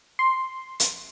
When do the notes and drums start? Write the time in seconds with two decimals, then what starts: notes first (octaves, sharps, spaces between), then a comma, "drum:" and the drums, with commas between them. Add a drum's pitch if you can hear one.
0.19 C6
0.80 drum: hi-hat